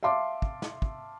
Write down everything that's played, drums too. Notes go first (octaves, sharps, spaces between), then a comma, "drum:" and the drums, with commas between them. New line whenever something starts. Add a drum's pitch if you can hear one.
E5 F5 A5 C6 D6
drum: kick
drum: snare
drum: kick